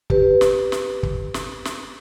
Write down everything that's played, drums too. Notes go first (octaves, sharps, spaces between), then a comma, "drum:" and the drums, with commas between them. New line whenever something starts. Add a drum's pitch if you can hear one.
G4 B4, drum: kick
drum: snare
drum: snare
drum: kick
drum: snare
drum: snare